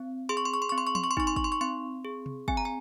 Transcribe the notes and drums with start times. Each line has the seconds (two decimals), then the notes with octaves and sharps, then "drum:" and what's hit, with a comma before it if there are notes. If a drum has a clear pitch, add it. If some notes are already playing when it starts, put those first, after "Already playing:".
Already playing: C4
0.29 G#4 C6
0.37 C#6
0.45 C6
0.54 C#6
0.62 C6
0.69 C4 C#6
0.78 C6
0.87 C#6
0.95 C6, drum: tom
1.04 C#6
1.11 C6
1.17 D#4 C#6, drum: kick
1.27 C6
1.36 C#6, drum: kick
1.44 C6
1.52 C#6
1.61 C4 C6
2.05 G#4
2.26 drum: tom C3
2.48 C4 G#5, drum: kick
2.57 A#5
2.65 G#5